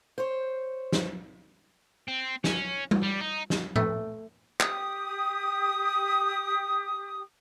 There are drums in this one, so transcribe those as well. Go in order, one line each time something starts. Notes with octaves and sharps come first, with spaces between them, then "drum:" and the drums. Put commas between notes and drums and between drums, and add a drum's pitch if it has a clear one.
C5 C#5
drum: snare
C4
C#4, drum: snare
drum: tom G3
G3
D#4
drum: snare
A3, drum: tom
G4 D#6, drum: clap